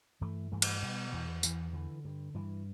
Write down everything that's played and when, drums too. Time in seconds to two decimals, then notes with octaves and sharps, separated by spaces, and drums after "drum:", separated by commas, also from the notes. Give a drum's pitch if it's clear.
0.21 G2 E3 A3
0.52 G2 E3 A3
0.62 drum: cymbal
0.83 B2 G3 B3
1.12 E2 E3
1.43 E2 E3, drum: tambourine
1.73 D3 E3
2.05 G2
2.34 G2 E3